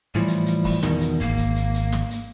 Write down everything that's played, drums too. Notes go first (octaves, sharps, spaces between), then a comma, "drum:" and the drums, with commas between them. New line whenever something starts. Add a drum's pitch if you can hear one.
A2 E3 F3 G3
drum: hi-hat
drum: hi-hat
drum: kick, open hi-hat
E2 B2 D#3, drum: snare
drum: hi-hat
G#1 A#3, drum: kick, hi-hat
drum: kick, hi-hat
drum: hi-hat
drum: hi-hat
drum: snare
drum: hi-hat